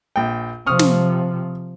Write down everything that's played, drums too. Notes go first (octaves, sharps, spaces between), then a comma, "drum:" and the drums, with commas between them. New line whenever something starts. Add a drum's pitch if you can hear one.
A#1 G5
C3 F3 C#6 D#6 F6
drum: snare